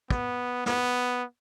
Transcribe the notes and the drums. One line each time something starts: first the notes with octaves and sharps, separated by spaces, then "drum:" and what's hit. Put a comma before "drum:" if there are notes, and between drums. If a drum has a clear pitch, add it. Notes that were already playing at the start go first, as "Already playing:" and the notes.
B3, drum: kick
B3, drum: snare